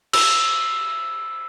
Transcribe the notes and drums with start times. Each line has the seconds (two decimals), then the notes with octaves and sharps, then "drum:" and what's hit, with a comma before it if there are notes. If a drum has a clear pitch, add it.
0.13 E6, drum: cymbal